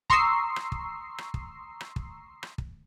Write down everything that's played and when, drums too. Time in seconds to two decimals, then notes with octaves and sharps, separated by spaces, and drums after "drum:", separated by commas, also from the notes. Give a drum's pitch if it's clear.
0.10 A#5 C6 C#6 D#6 E6 C7, drum: kick
0.56 drum: rim click
0.72 drum: kick
1.18 drum: rim click
1.34 drum: kick
1.81 drum: rim click
1.96 drum: kick
2.43 drum: rim click
2.58 drum: kick